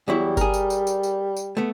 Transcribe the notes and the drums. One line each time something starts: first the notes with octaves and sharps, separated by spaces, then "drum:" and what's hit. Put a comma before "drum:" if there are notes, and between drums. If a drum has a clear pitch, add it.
E2 F#3 G3 E4
G#4 A#4, drum: kick G1, tambourine
drum: tambourine
drum: tambourine
drum: tambourine
drum: tambourine
drum: tambourine
A3 B3